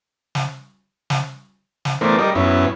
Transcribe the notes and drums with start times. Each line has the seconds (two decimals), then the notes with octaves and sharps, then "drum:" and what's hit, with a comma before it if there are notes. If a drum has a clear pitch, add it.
0.35 drum: snare
1.10 drum: snare
1.85 drum: snare
2.01 E3 A3 B3 A#4 C5 D5
2.18 G3 A#4 D5 D#5
2.35 F#2 B3 C#4 E4